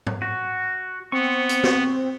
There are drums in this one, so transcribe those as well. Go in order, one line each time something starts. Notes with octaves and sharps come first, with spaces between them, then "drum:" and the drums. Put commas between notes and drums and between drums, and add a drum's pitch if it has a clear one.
drum: tom G#2
F#4
B3 C4 C#6
drum: hi-hat
drum: snare